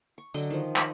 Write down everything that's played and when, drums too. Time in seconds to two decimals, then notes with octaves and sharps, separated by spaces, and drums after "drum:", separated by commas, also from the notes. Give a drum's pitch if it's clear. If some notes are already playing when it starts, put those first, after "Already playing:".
0.18 C#6
0.34 D3 F#3 D#5 G5
0.50 D#3 F3
0.76 D#5, drum: clap